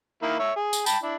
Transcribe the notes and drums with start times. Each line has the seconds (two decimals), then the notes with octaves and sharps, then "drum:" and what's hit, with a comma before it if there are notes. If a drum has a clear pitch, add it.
0.22 D#3 A#3 E4
0.39 C#5 E5
0.56 G#4
0.73 drum: tambourine
0.86 G5 A5 B5, drum: tambourine
1.03 D4 E4